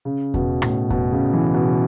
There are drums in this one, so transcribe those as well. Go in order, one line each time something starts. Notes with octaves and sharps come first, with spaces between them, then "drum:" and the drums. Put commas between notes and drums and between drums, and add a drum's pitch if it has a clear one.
C#3
B2, drum: kick E2
A2, drum: rim click
B2, drum: kick E2
C#3
E3
B2